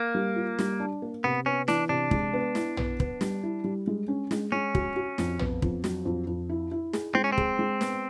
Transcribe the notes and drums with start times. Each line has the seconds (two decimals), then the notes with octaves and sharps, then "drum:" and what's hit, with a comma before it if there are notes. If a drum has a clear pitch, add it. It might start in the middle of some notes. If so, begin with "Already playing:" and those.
Already playing: A#3
0.15 G3
0.36 F4
0.59 G3, drum: snare
0.80 D4
1.02 A#3
1.24 C3 B3
1.46 B3 C#4
1.68 E3 D4, drum: snare
1.89 C3 D4
2.11 G#3, drum: kick
2.33 B3
2.55 E4, drum: snare
2.77 B3, drum: tom
3.00 B3, drum: kick
3.21 G3, drum: snare
3.43 E4
3.64 G3
3.87 G#3
4.08 C#4
4.31 G#3, drum: snare
4.52 G#3 C#4
4.75 F#4, drum: kick
4.96 F#4
5.18 F2, drum: snare
5.39 B3, drum: tom
5.62 F2, drum: kick
5.84 F#3, drum: snare
6.05 F2
6.27 F2
6.49 E4
6.71 E4
6.93 G#4, drum: snare
7.15 G#3 C4
7.24 C#4
7.32 C4
7.38 G#4, drum: kick
7.59 G#3
7.81 B3, drum: snare